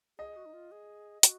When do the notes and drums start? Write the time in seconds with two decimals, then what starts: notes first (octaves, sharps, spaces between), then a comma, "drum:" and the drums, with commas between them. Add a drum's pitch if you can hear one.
0.19 G#4 D#5
0.36 F#4
0.46 D#4
0.53 F4
0.71 G#4
1.23 F#4, drum: hi-hat